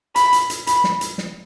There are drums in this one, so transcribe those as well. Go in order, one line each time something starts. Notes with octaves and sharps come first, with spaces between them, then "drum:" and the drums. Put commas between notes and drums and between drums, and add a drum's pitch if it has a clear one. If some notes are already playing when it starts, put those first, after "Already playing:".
B5, drum: hi-hat
drum: hi-hat
drum: hi-hat
B5, drum: hi-hat
drum: snare
drum: hi-hat
drum: snare